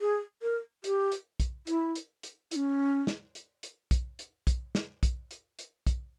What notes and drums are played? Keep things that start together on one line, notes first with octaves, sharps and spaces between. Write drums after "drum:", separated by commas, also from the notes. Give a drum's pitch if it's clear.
G#4
A#4
G4, drum: hi-hat
drum: hi-hat
drum: kick, hi-hat
E4, drum: hi-hat
drum: hi-hat
drum: hi-hat
E4, drum: hi-hat
C#4
drum: snare
drum: hi-hat
drum: hi-hat
drum: kick, hi-hat
drum: hi-hat
drum: kick, hi-hat
drum: snare
drum: kick, hi-hat
drum: hi-hat
drum: hi-hat
drum: kick, hi-hat